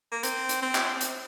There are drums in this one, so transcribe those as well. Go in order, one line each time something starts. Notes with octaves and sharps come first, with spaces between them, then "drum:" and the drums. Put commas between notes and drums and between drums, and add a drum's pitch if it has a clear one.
A#3
C4, drum: hi-hat
drum: hi-hat
C4
drum: clap
drum: hi-hat